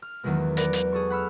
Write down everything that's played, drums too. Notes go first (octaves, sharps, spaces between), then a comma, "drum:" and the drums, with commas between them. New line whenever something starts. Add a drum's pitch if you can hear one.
F6
E2 D#3 E3 F#3 G#3 B3
A#4 B4 D5 F#5, drum: hi-hat
drum: hi-hat
G#4 A4 C#6
F#5 B5 E6 F6